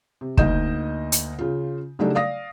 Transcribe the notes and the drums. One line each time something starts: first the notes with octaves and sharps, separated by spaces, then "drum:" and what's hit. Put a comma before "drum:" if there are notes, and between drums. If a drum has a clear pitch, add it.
C3
D2 A#3 D#4 D#5 G6 E7, drum: kick
drum: hi-hat
C#3 F4
C#3 F#3 G3 A3 D4 D#4
D5 F5 D#6 A#6